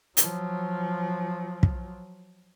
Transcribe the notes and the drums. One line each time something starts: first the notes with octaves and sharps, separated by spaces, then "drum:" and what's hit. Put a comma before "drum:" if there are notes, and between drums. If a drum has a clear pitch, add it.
F3 F#3, drum: hi-hat
drum: kick